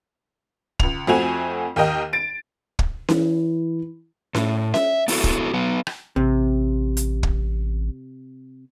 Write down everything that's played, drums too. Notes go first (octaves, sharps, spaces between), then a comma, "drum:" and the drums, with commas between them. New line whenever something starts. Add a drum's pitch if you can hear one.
C#2 F7, drum: kick
F2 A3 C4 F#4 G#5 F7
D#2 G4 A#4 D#5 G5
A6 D7
drum: kick
E3, drum: snare C#4
A2, drum: snare C#4
E5, drum: snare C#4
B3 E4 F#4 A4, drum: open hi-hat
drum: kick
F#3 B3
drum: rim click
A1 C3
drum: hi-hat
drum: kick